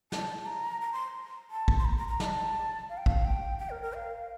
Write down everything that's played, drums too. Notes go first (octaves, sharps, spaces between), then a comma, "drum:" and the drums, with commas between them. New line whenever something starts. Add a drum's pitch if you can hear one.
A5, drum: snare
A#5
A#5
C6
A5
drum: kick
C6
A#5
A#5
A#5
A5, drum: snare
F5
G5
F5, drum: kick
G5
G5
A#4
A#4
F5